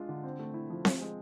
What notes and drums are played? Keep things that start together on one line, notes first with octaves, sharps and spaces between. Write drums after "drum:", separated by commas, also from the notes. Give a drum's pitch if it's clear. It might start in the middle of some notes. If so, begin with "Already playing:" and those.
Already playing: G#3 D4 F4
D3
C4
A3
E4
F3
C4, drum: snare C4
G#3